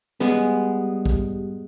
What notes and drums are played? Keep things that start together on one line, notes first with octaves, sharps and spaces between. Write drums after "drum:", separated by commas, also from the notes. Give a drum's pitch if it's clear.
G3 G#3 B3, drum: snare
drum: kick A#1